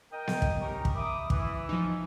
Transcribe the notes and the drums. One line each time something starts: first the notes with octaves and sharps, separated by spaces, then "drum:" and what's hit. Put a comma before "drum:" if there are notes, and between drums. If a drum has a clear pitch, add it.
A#4 D#5 G5
drum: snare B3
drum: kick
C#4 D#4 G4 A#4
drum: kick
E5 B5 D6 D#6
E3 E5, drum: kick
F3 D#4